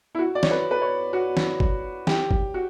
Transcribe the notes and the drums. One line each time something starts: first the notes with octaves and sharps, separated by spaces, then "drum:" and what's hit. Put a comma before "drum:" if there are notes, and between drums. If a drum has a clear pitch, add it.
E4
F#4
D5
C#5, drum: snare
B4
B4
C#5
F#4
drum: snare
drum: kick G1
G4, drum: snare
drum: kick G1
F#4